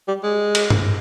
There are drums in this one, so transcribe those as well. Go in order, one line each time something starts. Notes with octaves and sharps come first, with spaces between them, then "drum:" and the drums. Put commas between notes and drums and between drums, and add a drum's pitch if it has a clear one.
G3
G#3
drum: cymbal
drum: tom G2